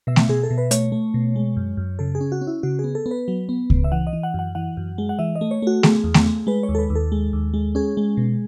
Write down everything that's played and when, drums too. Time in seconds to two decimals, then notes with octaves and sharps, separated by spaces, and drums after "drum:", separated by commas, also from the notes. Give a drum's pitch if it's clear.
0.07 B2 E5
0.16 drum: snare A3
0.29 B2 G#4
0.43 A4
0.51 B2
0.58 B4
0.71 A3 C#5, drum: hi-hat
0.92 A3
1.14 B2
1.36 G#3
1.57 F#2
1.77 F#2
1.99 C#3 A4
2.15 G#4
2.21 C#4
2.32 F#4
2.41 C#4
2.47 E4
2.63 C#3 F#4
2.79 G#4
2.84 B3
2.95 A4
3.06 B3
3.11 B4
3.28 F#3
3.49 B3
3.70 C#3, drum: kick C#2
3.84 E5
3.92 E3 F#5
4.07 D#5
4.13 E3
4.23 F#5
4.34 F#2 F#5
4.55 E3 F#5
4.77 F#2
4.98 G#3
5.09 F#5
5.19 E3 E5
5.35 D#5
5.41 A3
5.51 C#5
5.62 A3 F#4
5.83 A3 G#4, drum: snare A3
6.04 E2
6.14 drum: snare A3
6.26 A3
6.47 G#3 B4
6.63 C#5
6.69 D#2
6.75 A4
6.79 B4
6.90 D#2
6.95 A4
7.12 G#3
7.33 D#2
7.54 G#3
7.75 C#4 G#4
7.97 G#3
8.17 B2